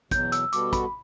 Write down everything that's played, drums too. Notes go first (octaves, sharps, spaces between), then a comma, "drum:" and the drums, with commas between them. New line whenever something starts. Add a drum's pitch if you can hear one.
E2 B2 F#3 G6, drum: kick, hi-hat
E6, drum: hi-hat
B2 G3 B3 F#4 A4 D6, drum: hi-hat
B5, drum: kick, hi-hat